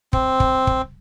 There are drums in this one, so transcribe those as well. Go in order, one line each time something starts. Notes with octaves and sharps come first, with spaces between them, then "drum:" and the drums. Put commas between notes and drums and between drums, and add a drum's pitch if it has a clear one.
C4, drum: kick
drum: kick
drum: kick